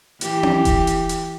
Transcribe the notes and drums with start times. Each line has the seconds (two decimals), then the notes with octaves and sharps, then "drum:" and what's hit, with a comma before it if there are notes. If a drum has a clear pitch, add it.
0.21 E3 G4, drum: hi-hat
0.43 drum: tom C4
0.65 drum: kick E1, hi-hat
0.87 drum: hi-hat
1.09 drum: hi-hat